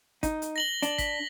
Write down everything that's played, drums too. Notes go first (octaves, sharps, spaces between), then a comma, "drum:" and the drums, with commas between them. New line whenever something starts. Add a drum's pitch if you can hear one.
D#4, drum: kick, hi-hat
drum: hi-hat
A#6 F#7 G7
D4, drum: hi-hat
B6, drum: kick, hi-hat